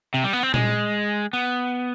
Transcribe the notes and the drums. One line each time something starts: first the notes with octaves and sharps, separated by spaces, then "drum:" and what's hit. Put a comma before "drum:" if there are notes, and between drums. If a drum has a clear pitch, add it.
C3
G3
B3
C4
G#3, drum: tom A#2
B3